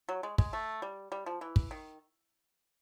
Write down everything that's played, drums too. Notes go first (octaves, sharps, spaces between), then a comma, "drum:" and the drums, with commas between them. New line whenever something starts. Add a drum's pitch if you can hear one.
F#3
G#3
G#3, drum: kick
A3
G3
G3
F3
E3
drum: kick
D#3